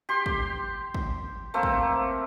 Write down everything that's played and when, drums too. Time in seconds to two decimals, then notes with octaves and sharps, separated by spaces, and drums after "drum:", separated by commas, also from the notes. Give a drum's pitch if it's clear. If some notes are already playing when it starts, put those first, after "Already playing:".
0.09 G4 C6
0.26 drum: kick
0.94 drum: kick
1.54 A3 A#3 C4
1.63 drum: kick